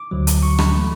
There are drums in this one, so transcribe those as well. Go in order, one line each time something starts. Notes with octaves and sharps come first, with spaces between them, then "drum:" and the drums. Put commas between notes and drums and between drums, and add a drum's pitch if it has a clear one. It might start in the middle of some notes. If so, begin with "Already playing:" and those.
Already playing: D6
D2 D3 F#3
drum: hi-hat
C#6
B5, drum: rim click
E3 A3